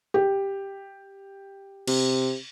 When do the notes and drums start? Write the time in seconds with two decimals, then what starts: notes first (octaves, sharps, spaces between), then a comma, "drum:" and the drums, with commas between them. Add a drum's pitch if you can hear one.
0.14 G4
1.88 C3, drum: cymbal